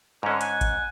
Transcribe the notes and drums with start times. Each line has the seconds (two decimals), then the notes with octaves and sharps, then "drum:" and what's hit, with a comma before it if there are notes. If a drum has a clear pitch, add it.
0.23 G#2 D3 C#4
0.41 F#5 G#5, drum: hi-hat
0.61 drum: kick G#1, hi-hat